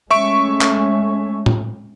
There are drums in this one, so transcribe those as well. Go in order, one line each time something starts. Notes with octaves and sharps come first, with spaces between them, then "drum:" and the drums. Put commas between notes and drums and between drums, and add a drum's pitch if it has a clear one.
G#3 A3 C#4 E5 C#6 D7
drum: clap
drum: tom A2